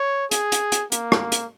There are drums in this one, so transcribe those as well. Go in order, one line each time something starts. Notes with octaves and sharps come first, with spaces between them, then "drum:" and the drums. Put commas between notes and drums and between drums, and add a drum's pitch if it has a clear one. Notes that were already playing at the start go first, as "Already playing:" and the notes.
Already playing: C#5
G#4, drum: hi-hat
drum: hi-hat
drum: hi-hat
A#3, drum: hi-hat
drum: rim click
drum: hi-hat